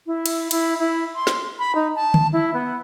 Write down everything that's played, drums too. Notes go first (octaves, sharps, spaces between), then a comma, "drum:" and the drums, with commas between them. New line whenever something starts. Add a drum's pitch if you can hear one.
E4
drum: cymbal
E4, drum: cymbal
E4
C6
drum: snare
B5
D#4
A5
drum: tom
E4
B3